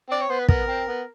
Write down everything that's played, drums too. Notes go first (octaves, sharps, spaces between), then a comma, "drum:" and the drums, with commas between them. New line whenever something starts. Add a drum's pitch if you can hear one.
C4 D5
C#5
B3 C5
B4
B3 A#4, drum: kick
C4
B3